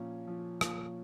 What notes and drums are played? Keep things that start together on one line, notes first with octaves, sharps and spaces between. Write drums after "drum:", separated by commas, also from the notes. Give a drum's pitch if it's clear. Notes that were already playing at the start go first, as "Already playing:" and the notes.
Already playing: A#2 F3 C#4
F3
A#2, drum: rim click